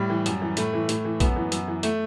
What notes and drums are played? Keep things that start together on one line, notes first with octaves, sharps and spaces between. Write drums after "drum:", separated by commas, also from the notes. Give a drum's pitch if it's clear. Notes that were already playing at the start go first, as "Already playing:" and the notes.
Already playing: A2 G3
E3
F#2, drum: hi-hat
E3
A2 A3, drum: hi-hat
E3
A2, drum: hi-hat
E3
F#2 B3, drum: kick A#1, hi-hat
E3
F#2, drum: hi-hat
E3
A3, drum: hi-hat